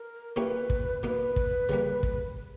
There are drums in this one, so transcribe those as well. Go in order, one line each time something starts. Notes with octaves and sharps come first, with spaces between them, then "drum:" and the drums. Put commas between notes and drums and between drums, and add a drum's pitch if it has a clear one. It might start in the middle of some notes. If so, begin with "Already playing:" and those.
Already playing: A#4
A#2 A#3 C#4 E4 G4 B4
drum: kick
B2 A#3 D#4 B4
drum: kick
C#3 G3 A#3
drum: kick